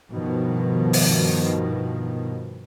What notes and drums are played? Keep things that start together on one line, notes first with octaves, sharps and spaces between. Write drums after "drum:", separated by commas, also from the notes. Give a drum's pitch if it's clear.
G2 B2 D#3 F3
drum: open hi-hat